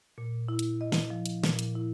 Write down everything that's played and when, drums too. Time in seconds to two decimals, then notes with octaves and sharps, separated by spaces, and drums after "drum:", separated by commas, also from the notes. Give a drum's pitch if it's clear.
0.18 A#2
0.48 E4
0.59 drum: hi-hat
0.81 D#5
0.92 drum: snare
1.10 F3
1.26 drum: hi-hat
1.44 A#2, drum: snare
1.59 drum: hi-hat
1.75 E4